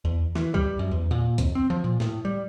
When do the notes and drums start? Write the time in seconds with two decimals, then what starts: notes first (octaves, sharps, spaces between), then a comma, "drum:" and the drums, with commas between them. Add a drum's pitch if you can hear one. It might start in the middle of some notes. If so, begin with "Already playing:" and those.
0.05 E2
0.35 E3, drum: snare
0.54 G3, drum: kick C2
0.79 F#2
0.91 E2
1.11 A#2
1.38 F2, drum: kick C2, hi-hat
1.55 C4
1.70 F3
1.84 A#2
2.00 A2, drum: snare
2.25 G3